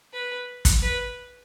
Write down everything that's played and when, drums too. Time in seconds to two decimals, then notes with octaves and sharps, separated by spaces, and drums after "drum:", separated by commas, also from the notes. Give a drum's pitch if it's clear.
0.13 B4
0.65 drum: kick, hi-hat
0.82 B4